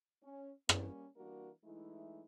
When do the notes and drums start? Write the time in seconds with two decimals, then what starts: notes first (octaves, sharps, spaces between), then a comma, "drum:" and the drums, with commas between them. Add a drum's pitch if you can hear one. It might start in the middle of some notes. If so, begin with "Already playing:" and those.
0.23 C#4
0.69 G3 A#3 C#4, drum: rim click
1.17 E3 G3 A#3 D4 F#4 A#4
1.64 E3 G#3 A3 D#4 E4